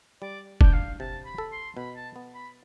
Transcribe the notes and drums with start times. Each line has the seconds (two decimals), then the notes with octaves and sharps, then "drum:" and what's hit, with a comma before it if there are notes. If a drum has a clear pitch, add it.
0.22 G3 D5
0.61 D4 G5, drum: kick F1
0.74 F5
1.00 C3 A5
1.26 B5
1.38 A4
1.52 C6
1.77 B2 B5
1.96 A5
2.16 B3
2.35 B5